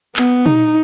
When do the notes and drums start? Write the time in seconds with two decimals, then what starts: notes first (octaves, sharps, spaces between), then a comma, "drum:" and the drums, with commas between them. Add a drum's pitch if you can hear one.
0.16 B3, drum: clap
0.46 D#4, drum: tom